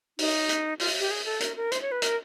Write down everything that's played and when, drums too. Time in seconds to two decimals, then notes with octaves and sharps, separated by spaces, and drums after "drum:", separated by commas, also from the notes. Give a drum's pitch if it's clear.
0.19 D#4, drum: open hi-hat
0.49 drum: hi-hat
0.80 F4, drum: open hi-hat
0.99 G4
1.11 G#4
1.25 A4
1.40 A#4, drum: hi-hat
1.57 A#4
1.72 C5, drum: hi-hat
1.82 C#5
1.92 B4
2.02 A#4, drum: hi-hat